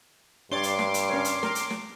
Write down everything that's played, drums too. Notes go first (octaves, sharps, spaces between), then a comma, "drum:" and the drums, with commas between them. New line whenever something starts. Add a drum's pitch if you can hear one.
G2 D4 C#5 D5 C6 D6
drum: hi-hat
drum: snare
drum: hi-hat
C#4 A#4 C#5
drum: hi-hat
A#4, drum: snare
drum: hi-hat
drum: snare